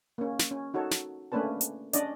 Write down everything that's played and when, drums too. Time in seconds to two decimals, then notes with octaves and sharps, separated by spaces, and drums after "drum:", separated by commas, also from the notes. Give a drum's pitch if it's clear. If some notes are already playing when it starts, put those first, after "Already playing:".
0.18 A#3 C#4
0.39 drum: snare
0.51 C#4
0.74 D#4 F#4 A4 C#5
0.91 drum: snare
1.32 A3 A#3 C#4 D4 B4 A5
1.61 drum: hi-hat
1.93 C#4 D4 D5 D#5, drum: hi-hat